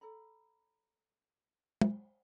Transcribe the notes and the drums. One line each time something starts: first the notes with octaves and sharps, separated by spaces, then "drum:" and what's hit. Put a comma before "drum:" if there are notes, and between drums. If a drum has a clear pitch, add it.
A4 C#5 A#5 B5
drum: tom